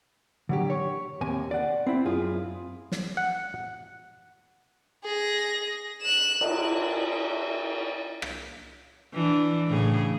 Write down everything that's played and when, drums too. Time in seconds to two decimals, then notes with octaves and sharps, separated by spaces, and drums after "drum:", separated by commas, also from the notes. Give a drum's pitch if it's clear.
0.49 D3 F#3 G4
0.70 C#5
1.21 D#2 C3 G#5
1.51 D5 F#5
1.87 C4 E4
2.06 F#2 F4 G#4
2.92 drum: snare
3.17 F#5
5.04 G#4 A#6
6.02 F#6 E7
6.41 drum: cymbal
8.22 drum: rim click
9.13 E3 D4
9.67 A2 C#3 G#4